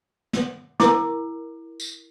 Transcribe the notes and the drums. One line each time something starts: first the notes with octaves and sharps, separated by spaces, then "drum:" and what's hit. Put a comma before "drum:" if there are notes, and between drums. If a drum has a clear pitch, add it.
drum: snare
E4 A#4 D6, drum: snare
drum: tambourine